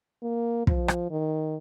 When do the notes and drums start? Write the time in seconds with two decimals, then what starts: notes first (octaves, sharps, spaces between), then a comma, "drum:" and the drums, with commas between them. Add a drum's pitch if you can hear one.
0.23 A#3
0.67 F3, drum: kick
0.88 drum: rim click
1.10 D#3